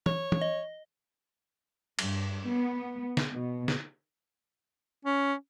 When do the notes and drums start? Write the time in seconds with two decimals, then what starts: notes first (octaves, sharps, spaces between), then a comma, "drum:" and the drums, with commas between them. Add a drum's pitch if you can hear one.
0.06 C#5, drum: tom
0.32 drum: tom
0.41 D#5
1.99 G2, drum: cymbal
2.48 B3
3.17 drum: snare
3.33 B2
3.68 drum: snare
5.05 C#4